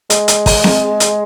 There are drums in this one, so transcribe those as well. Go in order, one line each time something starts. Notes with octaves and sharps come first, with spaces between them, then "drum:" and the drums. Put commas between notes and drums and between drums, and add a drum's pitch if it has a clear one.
G#3, drum: hi-hat
drum: hi-hat
drum: kick, open hi-hat
drum: snare C4
drum: hi-hat